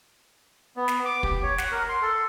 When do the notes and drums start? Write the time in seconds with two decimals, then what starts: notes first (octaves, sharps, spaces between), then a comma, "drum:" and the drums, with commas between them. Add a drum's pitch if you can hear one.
0.76 B3
0.88 drum: snare
1.05 D6
1.23 G4, drum: kick
1.43 C#5
1.58 F#5, drum: snare
1.72 A#4
1.89 C6
2.02 A4